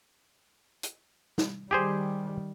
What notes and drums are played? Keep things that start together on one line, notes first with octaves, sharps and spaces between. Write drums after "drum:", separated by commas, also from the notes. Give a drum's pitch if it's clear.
drum: hi-hat
drum: snare
D#3 G3 G4 G#4 C5